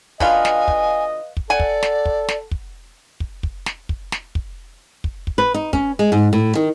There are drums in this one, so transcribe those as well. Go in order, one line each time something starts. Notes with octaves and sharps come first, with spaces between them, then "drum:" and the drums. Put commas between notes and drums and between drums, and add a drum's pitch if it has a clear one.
B2 D3 F4 B4 D#5 F5 G#5, drum: kick
drum: snare
drum: kick
drum: kick
A4 D5 F#5 G#5
drum: kick
drum: snare
drum: kick
drum: snare
drum: kick
drum: kick
drum: kick
drum: snare
drum: kick
drum: snare
drum: kick
drum: kick
drum: kick
B4
D#4
C#4, drum: kick
G#3
G#2
A2
D#3